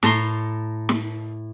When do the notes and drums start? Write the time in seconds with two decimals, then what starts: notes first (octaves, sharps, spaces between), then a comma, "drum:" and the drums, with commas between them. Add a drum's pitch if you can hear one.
0.03 A2 A4 A#5 C6, drum: snare
0.89 drum: snare